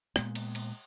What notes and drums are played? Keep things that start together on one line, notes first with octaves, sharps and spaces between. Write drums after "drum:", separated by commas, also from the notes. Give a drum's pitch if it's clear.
A#2 G#3 B3, drum: rim click
drum: cymbal
drum: cymbal